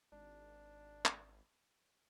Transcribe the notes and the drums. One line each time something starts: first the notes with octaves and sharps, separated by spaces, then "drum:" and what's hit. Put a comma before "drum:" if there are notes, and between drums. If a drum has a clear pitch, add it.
G#1 D4
drum: clap